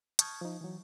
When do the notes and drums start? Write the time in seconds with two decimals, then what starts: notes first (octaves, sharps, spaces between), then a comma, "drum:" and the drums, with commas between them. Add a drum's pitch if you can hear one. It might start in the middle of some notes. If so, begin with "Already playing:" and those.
0.19 A5 C#6 D#6 F6 G6 G#6, drum: hi-hat
0.41 F3 D#4
0.61 E3 F#3